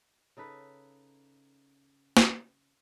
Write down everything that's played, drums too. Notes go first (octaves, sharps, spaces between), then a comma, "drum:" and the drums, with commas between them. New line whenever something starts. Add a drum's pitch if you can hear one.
C#3 D#4 A4 B4
drum: snare